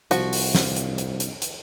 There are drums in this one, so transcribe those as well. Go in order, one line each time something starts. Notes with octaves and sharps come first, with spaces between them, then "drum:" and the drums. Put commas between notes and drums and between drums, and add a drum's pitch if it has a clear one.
C2 F3 F#4, drum: hi-hat
drum: open hi-hat
drum: snare
drum: hi-hat
drum: hi-hat
drum: hi-hat
drum: hi-hat